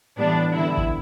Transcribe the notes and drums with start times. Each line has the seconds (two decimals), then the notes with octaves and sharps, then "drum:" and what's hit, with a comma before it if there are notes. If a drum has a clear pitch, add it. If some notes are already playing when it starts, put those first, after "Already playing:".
0.18 A2 E3 G3 B3 D4
0.53 D3 G3 B3 E4
0.78 drum: kick G#1